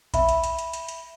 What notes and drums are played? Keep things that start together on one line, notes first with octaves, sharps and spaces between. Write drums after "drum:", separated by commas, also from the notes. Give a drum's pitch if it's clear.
E5 B5, drum: kick A#1, hi-hat
drum: hi-hat
drum: hi-hat
drum: hi-hat
drum: hi-hat
drum: hi-hat